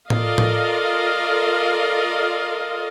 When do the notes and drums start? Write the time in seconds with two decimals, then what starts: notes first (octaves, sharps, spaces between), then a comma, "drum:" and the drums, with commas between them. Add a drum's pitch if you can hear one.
0.10 F4 A4 A#4 D5 D#5 F5, drum: tom A2
0.38 drum: tom A2